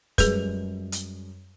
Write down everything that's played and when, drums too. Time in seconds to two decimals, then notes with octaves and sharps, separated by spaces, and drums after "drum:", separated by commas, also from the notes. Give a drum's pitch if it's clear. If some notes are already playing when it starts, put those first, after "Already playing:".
0.18 F#2 G3 G#3 G#4 B4, drum: kick, hi-hat
0.92 drum: hi-hat